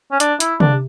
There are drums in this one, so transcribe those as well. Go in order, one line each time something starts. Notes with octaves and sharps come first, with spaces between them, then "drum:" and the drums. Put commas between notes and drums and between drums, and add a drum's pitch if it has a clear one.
C#4
D4, drum: hi-hat
E4, drum: hi-hat
D4, drum: tom C3